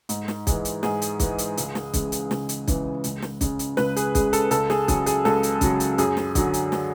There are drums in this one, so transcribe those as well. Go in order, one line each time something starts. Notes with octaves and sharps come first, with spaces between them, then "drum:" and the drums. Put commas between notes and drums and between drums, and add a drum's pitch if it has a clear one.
G#2, drum: hi-hat
drum: snare
E3 G#3, drum: kick, hi-hat
drum: hi-hat
G#2 G#4, drum: snare
drum: hi-hat
E3 G#3, drum: kick, hi-hat
drum: hi-hat
C#2, drum: hi-hat
drum: snare
C#3 E3 G#3, drum: kick, hi-hat
drum: hi-hat
C#2, drum: snare
drum: hi-hat
C#3 E3 G#3, drum: kick, hi-hat
C#2, drum: hi-hat
drum: snare
C#3 G#3, drum: kick, hi-hat
drum: hi-hat
C#2 B4, drum: snare
G#4, drum: hi-hat
C#3 G#3 G#4, drum: kick, hi-hat
A4, drum: hi-hat
C#2 A4, drum: hi-hat
G#4, drum: snare
C#3 F#3 G#4, drum: kick, hi-hat
G#4, drum: hi-hat
C#2 A4, drum: snare
drum: hi-hat
C#3 F#3, drum: kick, hi-hat
drum: hi-hat
F#2 G#4, drum: hi-hat
drum: snare
D3 F#3, drum: kick, hi-hat
drum: hi-hat
drum: snare